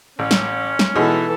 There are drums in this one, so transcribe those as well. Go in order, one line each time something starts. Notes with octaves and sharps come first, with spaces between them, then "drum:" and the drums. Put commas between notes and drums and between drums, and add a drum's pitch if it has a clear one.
A1 C#4
drum: snare
drum: snare
B2 E3 G#3 D#4 A4